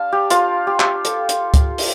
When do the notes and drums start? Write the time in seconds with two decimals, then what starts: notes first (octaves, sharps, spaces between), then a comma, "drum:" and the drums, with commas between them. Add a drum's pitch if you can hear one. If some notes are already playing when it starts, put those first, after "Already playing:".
Already playing: G3 D4 F5 A5
0.12 G4
0.30 F4, drum: hi-hat
0.67 G4
0.80 drum: clap
1.05 A4, drum: hi-hat
1.29 drum: hi-hat
1.54 drum: kick C#2, hi-hat
1.78 drum: open hi-hat